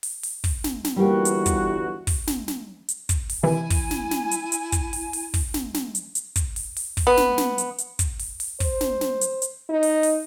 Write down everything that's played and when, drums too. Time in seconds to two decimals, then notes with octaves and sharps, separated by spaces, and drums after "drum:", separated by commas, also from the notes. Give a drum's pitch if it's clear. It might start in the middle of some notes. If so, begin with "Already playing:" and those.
0.03 drum: open hi-hat
0.23 drum: open hi-hat
0.44 drum: kick, open hi-hat
0.64 drum: snare
0.85 drum: snare
0.96 G1 E3 G3 A#3 F#4 G4
1.25 drum: hi-hat
1.46 drum: kick, hi-hat
2.07 drum: kick, open hi-hat
2.27 drum: snare
2.48 drum: snare
2.89 drum: hi-hat
3.09 drum: kick, hi-hat
3.29 drum: open hi-hat
3.43 C3 D#3 E3 E4 G#5
3.70 drum: kick, open hi-hat
3.91 drum: snare
4.11 drum: snare
4.32 drum: hi-hat
4.52 drum: hi-hat
4.72 drum: kick, hi-hat
4.93 drum: open hi-hat
5.13 drum: open hi-hat
5.34 drum: kick, open hi-hat
5.54 drum: snare
5.74 drum: snare
5.95 drum: hi-hat
6.15 drum: hi-hat
6.36 drum: kick, hi-hat
6.56 drum: open hi-hat
6.77 drum: open hi-hat
6.97 drum: kick, open hi-hat
7.07 B3
7.17 drum: snare
7.38 drum: snare
7.58 drum: hi-hat
7.79 drum: hi-hat
7.99 drum: kick, hi-hat
8.19 drum: open hi-hat
8.40 drum: open hi-hat
8.60 C5, drum: kick, open hi-hat
8.81 drum: snare
9.01 drum: snare
9.21 drum: hi-hat
9.42 drum: hi-hat
9.69 D#4
9.83 drum: open hi-hat
10.03 drum: open hi-hat